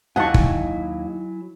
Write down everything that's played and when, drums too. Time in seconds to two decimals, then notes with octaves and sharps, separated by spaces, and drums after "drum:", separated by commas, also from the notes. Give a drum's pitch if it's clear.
0.16 D#2 F#3 E4 D#5 F#5 G#5 A5 C#6
0.34 drum: kick